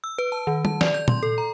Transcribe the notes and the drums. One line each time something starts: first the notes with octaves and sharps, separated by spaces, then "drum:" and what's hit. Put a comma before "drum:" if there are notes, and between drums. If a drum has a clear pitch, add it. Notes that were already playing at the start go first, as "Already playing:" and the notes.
E6
B4
A5
D#3
A5, drum: tom G3
D5, drum: snare
G6
C6, drum: tom A#2
A4
A#5